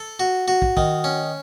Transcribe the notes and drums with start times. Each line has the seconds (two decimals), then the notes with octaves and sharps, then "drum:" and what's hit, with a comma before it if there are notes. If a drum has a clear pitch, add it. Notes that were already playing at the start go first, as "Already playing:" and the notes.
Already playing: A4
0.20 F#4
0.48 F#4
0.62 drum: kick
0.77 D#3, drum: kick
1.04 C#4